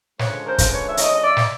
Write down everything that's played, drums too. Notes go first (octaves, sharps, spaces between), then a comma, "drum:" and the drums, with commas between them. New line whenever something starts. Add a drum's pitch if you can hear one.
D3 F3 G#3 C#4 B4 C#5, drum: snare
A#4 C5
drum: kick, hi-hat
B4 C#5
E5
C#5 D#5, drum: hi-hat
D#5
D5 E5
drum: snare